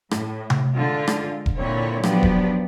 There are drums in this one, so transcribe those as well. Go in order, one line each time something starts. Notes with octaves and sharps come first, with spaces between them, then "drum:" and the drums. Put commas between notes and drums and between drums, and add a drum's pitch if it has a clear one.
A2, drum: rim click
drum: tom C3
D3 G#3 F4
drum: rim click
drum: kick E1
A#2 D3 A#3 C4 E4 C#5
F3 F#3 B3 D4 G4, drum: rim click
drum: kick E1